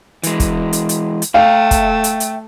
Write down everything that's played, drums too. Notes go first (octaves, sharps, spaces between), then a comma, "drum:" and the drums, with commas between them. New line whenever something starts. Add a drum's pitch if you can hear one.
E3 G#3, drum: hi-hat
drum: kick, hi-hat
drum: hi-hat
drum: hi-hat
drum: hi-hat
A3 E5 F5 G5
drum: kick, hi-hat
drum: hi-hat
drum: hi-hat